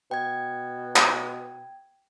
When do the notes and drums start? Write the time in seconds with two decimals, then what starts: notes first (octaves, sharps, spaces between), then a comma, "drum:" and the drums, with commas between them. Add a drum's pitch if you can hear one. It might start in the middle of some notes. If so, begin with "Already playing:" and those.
0.11 B2 G5 G#6
0.96 drum: clap